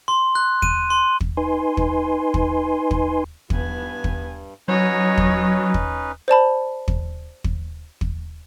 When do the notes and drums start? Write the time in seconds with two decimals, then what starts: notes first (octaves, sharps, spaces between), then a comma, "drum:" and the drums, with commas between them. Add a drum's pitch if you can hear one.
0.08 C6
0.35 F#6
0.62 D#7, drum: kick
0.90 C6
1.21 drum: kick
1.37 D#4 B4 G#5 C6
1.77 drum: kick
2.34 drum: kick
2.91 drum: kick
3.50 G2 B3 G#5, drum: kick
4.04 drum: kick
4.68 F#3 C#4 D#4 B4 C#5 D#5
5.18 drum: kick
5.74 drum: kick
6.28 C5 D5 A5 B5
6.88 drum: kick
7.44 drum: kick
8.01 drum: kick